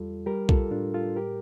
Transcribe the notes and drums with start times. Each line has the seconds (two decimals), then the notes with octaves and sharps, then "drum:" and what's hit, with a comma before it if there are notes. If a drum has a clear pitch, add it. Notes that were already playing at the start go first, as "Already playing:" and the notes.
Already playing: E2 G3 F4 A4
0.26 G3 G4 A#4
0.49 F4 A4, drum: kick B1
0.71 A2 D4 F4
0.94 F4 A4
1.16 G4 A#4